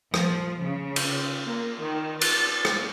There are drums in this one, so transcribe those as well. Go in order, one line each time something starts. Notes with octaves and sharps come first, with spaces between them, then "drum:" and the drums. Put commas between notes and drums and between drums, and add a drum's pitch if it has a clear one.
F3, drum: rim click
C#3
drum: cymbal
A#3
D#3
A6, drum: cymbal
drum: rim click